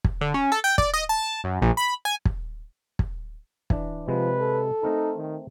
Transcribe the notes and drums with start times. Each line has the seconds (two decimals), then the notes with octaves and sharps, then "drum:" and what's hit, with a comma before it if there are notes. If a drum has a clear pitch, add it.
0.04 drum: kick
0.21 D3
0.34 C#4
0.52 A4
0.64 G5
0.78 D5, drum: kick
0.94 D#5
1.09 A5
1.44 F#2
1.62 A#1
1.77 B5
2.05 G#5
2.25 drum: kick
2.99 drum: kick
3.70 E3 D4, drum: kick
4.08 C3 F3 G#3 B4
4.39 A4
4.83 A3 C4 D#4 A#4
5.17 D#3